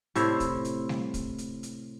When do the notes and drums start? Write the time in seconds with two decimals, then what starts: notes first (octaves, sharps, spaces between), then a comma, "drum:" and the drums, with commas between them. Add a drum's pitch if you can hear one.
0.15 A2 C3 E4 C5, drum: hi-hat
0.40 drum: kick, hi-hat
0.65 drum: hi-hat
0.89 drum: snare G3
1.14 drum: kick, hi-hat
1.38 drum: hi-hat
1.63 drum: hi-hat